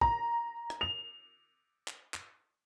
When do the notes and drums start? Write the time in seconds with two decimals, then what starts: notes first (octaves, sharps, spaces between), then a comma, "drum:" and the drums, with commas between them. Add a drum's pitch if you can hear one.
0.01 A#5, drum: kick
0.70 drum: rim click
0.81 F7
1.88 drum: clap
2.14 drum: clap